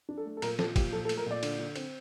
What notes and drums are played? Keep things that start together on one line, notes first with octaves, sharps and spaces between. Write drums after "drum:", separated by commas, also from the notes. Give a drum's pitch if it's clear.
D4
A4
A3
A4
A#2 A#4, drum: cymbal
F3 A4, drum: snare
A#2 G4, drum: kick, cymbal
F3 A4
A4
A3, drum: cymbal
A#4
A#2 D5
D3, drum: cymbal
D3
C4, drum: cymbal